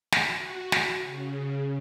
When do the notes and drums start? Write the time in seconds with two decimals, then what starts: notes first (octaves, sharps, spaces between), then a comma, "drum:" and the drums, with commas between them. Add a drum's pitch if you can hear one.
0.12 drum: snare
0.24 F#4
0.72 drum: snare
1.02 C#3